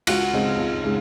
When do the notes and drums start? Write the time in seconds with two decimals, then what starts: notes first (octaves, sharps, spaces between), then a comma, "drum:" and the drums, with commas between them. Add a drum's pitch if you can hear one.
0.07 C#2 F#4 F#5, drum: cymbal
0.33 C#3 G#3 C4 D#4
0.58 C#2
0.84 C#3 G#3